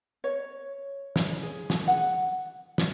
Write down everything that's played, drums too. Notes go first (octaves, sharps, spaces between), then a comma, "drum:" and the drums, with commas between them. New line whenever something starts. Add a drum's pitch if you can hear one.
C#5
drum: snare
G#4
drum: snare
F#5
drum: snare